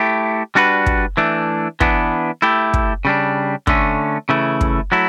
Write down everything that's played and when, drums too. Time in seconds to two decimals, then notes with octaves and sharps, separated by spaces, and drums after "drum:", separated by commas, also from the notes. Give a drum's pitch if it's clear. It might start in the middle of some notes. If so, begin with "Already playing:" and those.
Already playing: A3 E4 G4
0.55 G3 D4 F#4 B4
0.86 drum: kick
1.17 E3 A3 D4
1.80 E3 B3 D4, drum: kick
2.42 A3 E4 G4
2.74 drum: kick
3.05 C#3 G3 D4
3.67 D3 A3 C#4, drum: kick
4.29 C#3 E3 A3 E4
4.61 drum: kick
4.92 F#3 A3 E4